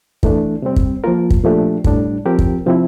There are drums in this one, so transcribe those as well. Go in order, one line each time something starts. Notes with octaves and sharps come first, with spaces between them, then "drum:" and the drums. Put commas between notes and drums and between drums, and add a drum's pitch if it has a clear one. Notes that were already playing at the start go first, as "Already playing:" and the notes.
E3 A3 D4, drum: kick
C3 G3 C4
drum: kick
F3 A#3 F4 A#4
drum: kick
A#2 F3 A3 D4 G4
A2 G3 D4, drum: kick
F3 C4 G4 A#4
drum: kick
C3 F3 C4 E4